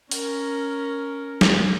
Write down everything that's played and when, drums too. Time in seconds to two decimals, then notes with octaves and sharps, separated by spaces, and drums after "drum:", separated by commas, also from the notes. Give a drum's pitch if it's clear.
0.11 C#4 A#4, drum: open hi-hat
1.41 drum: snare